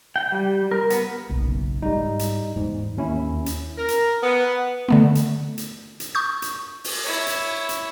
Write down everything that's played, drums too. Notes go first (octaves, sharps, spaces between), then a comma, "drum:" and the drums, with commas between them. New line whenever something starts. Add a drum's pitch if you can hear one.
G5
G3
A#4
B3, drum: hi-hat
F#1 B1
G#2 G3 D#4
drum: hi-hat
E2 G#2
D#2 C#4 E4
drum: hi-hat
A#4
drum: hi-hat
B3
D3 A3 B3
drum: hi-hat
drum: hi-hat
drum: hi-hat
C#6 D#6 G6
drum: hi-hat
drum: open hi-hat
E4 C#5
drum: hi-hat
drum: hi-hat